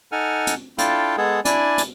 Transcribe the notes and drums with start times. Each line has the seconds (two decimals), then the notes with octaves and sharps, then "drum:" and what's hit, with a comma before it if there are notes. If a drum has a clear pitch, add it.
0.12 D#4 A4 F#5 G#5 F6
0.47 drum: hi-hat
0.78 D4 E4 F4 A4 F5 G5, drum: hi-hat
1.17 G#3 B3 G#4 A4
1.45 D4 E4 D5 G#5, drum: hi-hat
1.78 drum: hi-hat